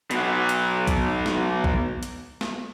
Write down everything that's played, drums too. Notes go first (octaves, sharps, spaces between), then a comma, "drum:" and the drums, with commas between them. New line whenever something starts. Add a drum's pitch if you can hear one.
B2 F#3, drum: hi-hat
drum: hi-hat
drum: kick B1, hi-hat
drum: snare
drum: kick B1
drum: hi-hat
drum: snare